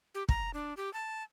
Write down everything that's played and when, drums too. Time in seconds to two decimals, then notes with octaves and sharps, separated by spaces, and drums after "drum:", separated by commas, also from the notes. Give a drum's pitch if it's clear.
0.15 G4
0.29 A#5, drum: kick
0.54 D4
0.77 G4
0.93 A5